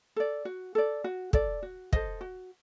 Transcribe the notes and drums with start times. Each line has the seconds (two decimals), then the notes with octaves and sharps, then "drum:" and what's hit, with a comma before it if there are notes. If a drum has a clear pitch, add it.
0.16 A4 D5
0.45 F#4
0.75 A4 D5
1.04 F#4
1.33 A4 D5, drum: kick
1.63 F#4
1.93 A4 C5 D#5, drum: kick
2.21 F#4